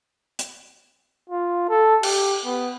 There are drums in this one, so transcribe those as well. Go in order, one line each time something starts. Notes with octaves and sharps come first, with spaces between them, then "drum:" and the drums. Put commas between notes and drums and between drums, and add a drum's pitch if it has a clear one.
drum: hi-hat
F4
A4
G4, drum: cymbal
B3